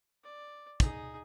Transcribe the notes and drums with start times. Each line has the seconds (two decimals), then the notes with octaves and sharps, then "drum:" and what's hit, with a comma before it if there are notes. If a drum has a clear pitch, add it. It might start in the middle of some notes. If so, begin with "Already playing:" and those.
0.24 D5
0.80 D#4 G#4, drum: kick, hi-hat